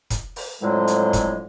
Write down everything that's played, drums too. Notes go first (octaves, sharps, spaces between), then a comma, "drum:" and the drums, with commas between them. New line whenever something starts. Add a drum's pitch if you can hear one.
drum: kick F1, hi-hat
drum: open hi-hat
F2 A2 D3 F3 F#3 G#3
drum: hi-hat
drum: kick F1, hi-hat